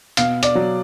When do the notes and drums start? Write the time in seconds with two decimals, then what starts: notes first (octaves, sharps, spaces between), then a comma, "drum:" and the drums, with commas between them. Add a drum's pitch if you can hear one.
0.17 B2 F5, drum: hi-hat
0.43 D5, drum: hi-hat
0.55 F#3